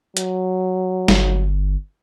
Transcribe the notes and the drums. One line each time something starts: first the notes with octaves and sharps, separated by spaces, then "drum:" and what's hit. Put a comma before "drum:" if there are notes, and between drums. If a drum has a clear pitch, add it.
F#3, drum: hi-hat
G1, drum: snare